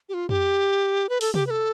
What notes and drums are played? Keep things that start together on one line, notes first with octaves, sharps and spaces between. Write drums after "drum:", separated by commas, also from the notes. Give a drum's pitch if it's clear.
G4
F4
G4, drum: tom F2
B4
A4, drum: open hi-hat
G4, drum: tom C3
B4
A4